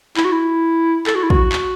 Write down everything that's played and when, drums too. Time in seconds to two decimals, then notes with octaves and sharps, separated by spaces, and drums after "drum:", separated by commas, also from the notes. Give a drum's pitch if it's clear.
0.17 E4, drum: clap
0.25 F#4
0.32 E4
1.07 A4, drum: clap
1.15 F#4
1.23 E4
1.30 F#4, drum: kick
1.52 drum: clap